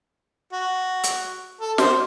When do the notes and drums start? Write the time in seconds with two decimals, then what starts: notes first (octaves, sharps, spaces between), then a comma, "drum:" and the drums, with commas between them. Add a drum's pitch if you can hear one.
0.53 F#4
1.03 drum: hi-hat
1.60 A4
1.78 C5, drum: snare